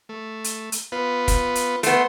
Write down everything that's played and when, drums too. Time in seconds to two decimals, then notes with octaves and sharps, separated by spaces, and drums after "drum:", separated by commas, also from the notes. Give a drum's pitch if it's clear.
0.09 A3
0.44 drum: hi-hat
0.72 drum: hi-hat
0.92 B3 F4 B4
1.28 drum: kick, hi-hat
1.55 drum: hi-hat
1.83 A3 B3 C5 C6, drum: hi-hat